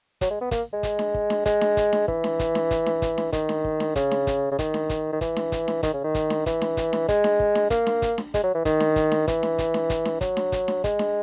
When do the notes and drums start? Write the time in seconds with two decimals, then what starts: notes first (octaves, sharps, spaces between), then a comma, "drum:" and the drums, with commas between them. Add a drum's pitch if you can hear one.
0.21 F#3, drum: kick, hi-hat
0.31 G#3
0.41 B3
0.51 A#3, drum: kick, hi-hat
0.73 G#3
0.83 drum: kick, hi-hat
0.99 drum: snare D4
1.14 drum: kick
1.30 drum: snare D4
1.46 G#3, drum: kick, hi-hat
1.61 drum: snare D4
1.77 drum: kick, hi-hat
1.93 drum: snare D4
2.08 E3, drum: kick
2.24 drum: snare D4
2.39 drum: kick, hi-hat
2.55 drum: snare D4
2.71 drum: kick, hi-hat
2.86 drum: snare D4
3.02 drum: kick, hi-hat
3.18 drum: snare D4
3.33 D#3, drum: kick, hi-hat
3.49 drum: snare D4
3.65 drum: kick
3.80 drum: snare D4
3.96 C#3, drum: kick, hi-hat
4.11 drum: snare D4
4.27 drum: kick, hi-hat
4.51 C#3
4.59 D#3, drum: kick, hi-hat
4.74 drum: snare D4
4.90 drum: kick, hi-hat
5.13 D#3
5.21 E3, drum: kick, hi-hat
5.36 drum: snare D4
5.52 drum: kick, hi-hat
5.68 drum: snare D4
5.83 D#3, drum: kick, hi-hat
5.93 C#3
6.04 D#3
6.15 drum: kick, hi-hat
6.30 drum: snare D4
6.46 E3, drum: kick, hi-hat
6.61 drum: snare D4
6.77 drum: kick, hi-hat
6.93 drum: snare D4
7.09 G#3, drum: kick, hi-hat
7.24 drum: snare D4
7.40 drum: kick
7.55 drum: snare D4
7.70 A#3, drum: kick, hi-hat
7.87 drum: snare D4
8.02 drum: kick, hi-hat
8.18 drum: snare D4
8.34 G#3, drum: kick, hi-hat
8.43 F#3
8.55 E3
8.65 D#3, drum: kick, hi-hat
8.80 drum: snare D4
8.96 drum: kick, hi-hat
9.12 drum: snare D4
9.28 E3, drum: kick, hi-hat
9.43 drum: snare D4
9.58 drum: kick, hi-hat
9.74 drum: snare D4
9.90 drum: kick, hi-hat
10.05 drum: snare D4
10.21 F#3, drum: kick, hi-hat
10.37 drum: snare D4
10.52 drum: kick, hi-hat
10.68 drum: snare D4
10.84 G#3, drum: kick, hi-hat
10.99 drum: snare D4